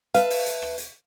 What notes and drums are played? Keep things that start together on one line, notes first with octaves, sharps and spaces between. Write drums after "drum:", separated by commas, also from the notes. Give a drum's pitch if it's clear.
B4 E5 F5 A5, drum: hi-hat
drum: open hi-hat
drum: hi-hat
drum: rim click
drum: hi-hat